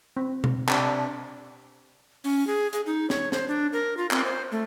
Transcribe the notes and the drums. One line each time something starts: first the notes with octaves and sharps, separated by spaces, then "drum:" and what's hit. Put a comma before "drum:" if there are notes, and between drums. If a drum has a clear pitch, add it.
C4
drum: tom B2
C3 D4 A5, drum: clap
C#4, drum: open hi-hat
G#4
G#4, drum: hi-hat
D#4
C#5, drum: snare
C5, drum: snare
D4
A#4
F4
C4, drum: clap
C5
A3